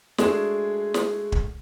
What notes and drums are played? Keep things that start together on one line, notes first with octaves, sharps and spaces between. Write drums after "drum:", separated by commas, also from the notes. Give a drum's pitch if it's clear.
G#3 A3 D4 F#4 G#4 E7, drum: snare
drum: snare
drum: kick